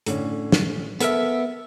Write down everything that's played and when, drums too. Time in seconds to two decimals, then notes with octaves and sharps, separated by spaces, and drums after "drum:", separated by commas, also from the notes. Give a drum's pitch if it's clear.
0.06 A2 D3 C#4, drum: hi-hat
0.52 drum: snare
1.01 B3 A4 A#4 E5, drum: hi-hat